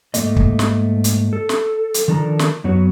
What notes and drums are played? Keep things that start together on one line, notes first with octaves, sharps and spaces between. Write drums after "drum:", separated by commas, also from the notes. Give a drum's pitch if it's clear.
G#2 E3 A3 A#3 D#5, drum: hi-hat
drum: kick
drum: snare
drum: hi-hat
A4
drum: snare
drum: hi-hat
D#3 F3 D4 A4 A#4 A#5
drum: snare
F#2 F#3 B3 F#4 C#5